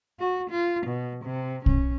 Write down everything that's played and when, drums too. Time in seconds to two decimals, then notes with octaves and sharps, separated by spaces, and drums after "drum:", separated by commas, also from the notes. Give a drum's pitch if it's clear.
0.20 F#4
0.51 F4
0.88 B2
1.25 C3
1.66 C#4, drum: kick